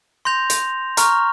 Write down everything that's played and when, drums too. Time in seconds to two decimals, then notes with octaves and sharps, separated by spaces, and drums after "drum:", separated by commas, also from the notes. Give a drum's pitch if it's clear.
0.25 C6 G6 A#6 F7
0.50 drum: hi-hat
0.97 A#5 C#6 F6, drum: hi-hat